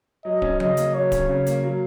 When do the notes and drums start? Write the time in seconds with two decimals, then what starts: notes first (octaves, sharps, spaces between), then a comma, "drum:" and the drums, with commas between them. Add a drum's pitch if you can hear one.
0.25 F#3 D#5
0.42 C#4, drum: kick D1
0.60 C#3 D#5, drum: tom F3
0.77 A#3, drum: hi-hat
0.94 F#3 C#5
1.12 C#4, drum: kick D1, hi-hat
1.29 C#3
1.46 A#3, drum: hi-hat
1.64 F#3